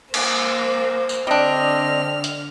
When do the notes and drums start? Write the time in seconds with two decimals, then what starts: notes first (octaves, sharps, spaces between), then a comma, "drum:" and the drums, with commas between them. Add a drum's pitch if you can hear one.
0.14 A#3 C5, drum: cymbal
1.09 drum: tambourine
1.27 D3 G3 C4 D4 D#5 F6
2.24 drum: hi-hat